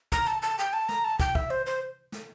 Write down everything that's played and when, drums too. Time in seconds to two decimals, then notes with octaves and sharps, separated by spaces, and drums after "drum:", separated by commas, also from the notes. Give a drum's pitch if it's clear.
0.12 A#5, drum: kick
0.27 A5
0.42 A5
0.59 G5
0.73 A5
0.89 A#5, drum: snare
1.04 A5
1.20 G5, drum: kick
1.35 E5, drum: kick
1.50 C5
1.66 C5
2.12 drum: snare